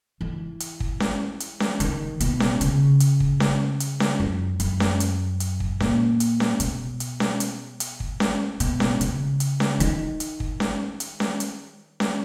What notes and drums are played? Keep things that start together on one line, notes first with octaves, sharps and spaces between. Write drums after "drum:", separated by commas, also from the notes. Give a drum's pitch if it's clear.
E3
drum: hi-hat
drum: kick
drum: snare C#4
drum: hi-hat
drum: snare C#4
D#3, drum: hi-hat
B2, drum: hi-hat
drum: snare C#4
C#3, drum: hi-hat
drum: hi-hat
drum: kick
drum: snare C#4
drum: hi-hat
drum: snare C#4
F#2
F#2, drum: hi-hat
drum: snare C#4
drum: hi-hat
drum: hi-hat
drum: kick
A#2, drum: snare C#4
drum: hi-hat
drum: snare C#4
B2, drum: hi-hat
drum: hi-hat
drum: snare C#4
drum: hi-hat
drum: hi-hat
drum: kick
drum: snare C#4
B2, drum: hi-hat
drum: snare C#4
C#3, drum: hi-hat
drum: hi-hat
drum: snare C#4
D#3, drum: hi-hat
drum: hi-hat
drum: kick
drum: snare C#4
drum: hi-hat
drum: snare C#4
drum: hi-hat
drum: snare C#4